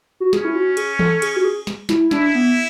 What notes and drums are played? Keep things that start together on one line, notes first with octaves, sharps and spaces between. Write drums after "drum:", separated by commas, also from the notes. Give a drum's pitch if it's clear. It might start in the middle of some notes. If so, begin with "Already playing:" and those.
F#4
C#4 G#4, drum: snare
E4
F#4
G#4, drum: cymbal
A4, drum: tom
G#4, drum: cymbal
F#4
G#4
drum: snare
E4, drum: snare
D4 E4, drum: snare
B3